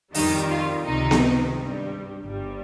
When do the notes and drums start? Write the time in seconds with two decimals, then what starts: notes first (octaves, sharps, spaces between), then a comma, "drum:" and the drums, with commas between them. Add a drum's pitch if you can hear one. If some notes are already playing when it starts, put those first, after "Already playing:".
0.14 F2 D#3 G3 D#4, drum: open hi-hat
0.50 F4
0.84 C#2 C3 D#3 D#4
1.11 drum: snare B3
1.54 G2 G3
2.25 G1 G2 G3